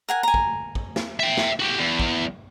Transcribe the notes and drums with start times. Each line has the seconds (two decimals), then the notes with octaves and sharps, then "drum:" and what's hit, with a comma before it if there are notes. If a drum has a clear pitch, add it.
0.09 A#4 F#5 G#5
0.23 G#5 A#5
0.34 drum: kick
0.75 drum: kick
0.96 drum: snare
1.20 E5 G5
1.37 drum: snare
1.60 F#4 G4
1.79 E2
1.99 drum: kick